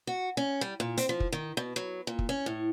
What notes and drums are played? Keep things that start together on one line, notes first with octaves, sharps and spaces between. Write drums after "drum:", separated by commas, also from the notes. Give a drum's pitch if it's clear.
F#4
C#4
G3
A#2
C4, drum: hi-hat
F3
drum: kick
D#3
B2
F#3
A#2
drum: kick
C#4
A2